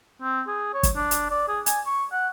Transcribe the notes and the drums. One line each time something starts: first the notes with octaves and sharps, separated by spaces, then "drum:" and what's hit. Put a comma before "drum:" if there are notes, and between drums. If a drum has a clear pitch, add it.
C4
G#4
C#5
drum: kick, hi-hat
D4
drum: hi-hat
D5
G#4
G#5, drum: hi-hat
C#6
F#5